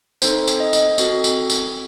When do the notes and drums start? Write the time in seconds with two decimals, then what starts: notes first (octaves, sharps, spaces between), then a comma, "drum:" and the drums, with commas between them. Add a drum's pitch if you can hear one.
0.22 C4 D#4 A4 C5, drum: tambourine
0.47 drum: tambourine
0.60 D#5
0.73 drum: tambourine
0.98 C4 F#4 A4, drum: tambourine
1.24 drum: tambourine
1.50 drum: tambourine